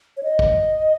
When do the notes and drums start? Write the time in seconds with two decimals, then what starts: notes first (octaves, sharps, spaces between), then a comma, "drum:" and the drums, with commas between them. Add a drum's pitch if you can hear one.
0.17 C#5
0.23 D#5
0.39 drum: kick